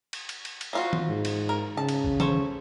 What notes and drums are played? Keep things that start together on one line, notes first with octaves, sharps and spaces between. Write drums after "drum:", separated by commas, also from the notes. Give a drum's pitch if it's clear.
drum: cymbal
drum: cymbal
drum: cymbal
drum: cymbal
F3 F4 F#4
drum: tom
G#2
drum: cymbal
A#4
C#3 A5
drum: cymbal
drum: kick A1
A4 C5 C#5, drum: tom